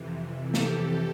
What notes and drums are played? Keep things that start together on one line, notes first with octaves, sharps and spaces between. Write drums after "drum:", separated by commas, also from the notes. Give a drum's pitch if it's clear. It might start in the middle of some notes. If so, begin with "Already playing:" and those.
Already playing: F2 C3 E3
G4 A4, drum: snare